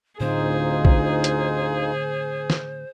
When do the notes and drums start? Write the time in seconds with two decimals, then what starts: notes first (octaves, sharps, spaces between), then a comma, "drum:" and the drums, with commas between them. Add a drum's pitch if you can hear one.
0.20 D2 A2 D3 C4 D#4 F4 G#4 C5
0.85 drum: kick A#1
1.24 drum: hi-hat
2.50 drum: snare